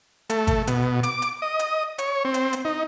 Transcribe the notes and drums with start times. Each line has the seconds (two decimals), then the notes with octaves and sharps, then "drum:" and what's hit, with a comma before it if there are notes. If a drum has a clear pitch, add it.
0.30 A3, drum: hi-hat
0.47 drum: kick G#1, hi-hat
0.67 B2, drum: hi-hat
1.03 D6, drum: hi-hat
1.22 drum: hi-hat
1.42 D#5
1.59 drum: hi-hat
1.98 C#5, drum: hi-hat
2.25 C4
2.34 drum: hi-hat
2.53 drum: hi-hat
2.65 D#4